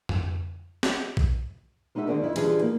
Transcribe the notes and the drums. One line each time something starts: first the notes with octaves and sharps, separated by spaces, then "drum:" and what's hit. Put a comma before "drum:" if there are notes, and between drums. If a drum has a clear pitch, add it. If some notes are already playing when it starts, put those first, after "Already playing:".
drum: tom F2
drum: snare
drum: kick
G#3 D#4 F#4 A4 E5
D3 D#3 G#3 C4 D4 F#4
F2 E4
D3 E3 F3 G3 D#4 G#4, drum: hi-hat
A#3